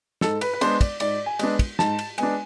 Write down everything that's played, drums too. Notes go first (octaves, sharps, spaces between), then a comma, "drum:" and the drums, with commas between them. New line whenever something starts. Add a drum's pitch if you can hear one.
G#2 A4, drum: snare
B4, drum: cymbal
B4
G#3 B3 D4 C5, drum: cymbal
D5, drum: kick, cymbal
G#2 D5, drum: cymbal
G#5
G#3 B3 D4, drum: cymbal
drum: kick, cymbal
G#2 A5, drum: snare
drum: cymbal
G#3 B3 D4 G#5, drum: cymbal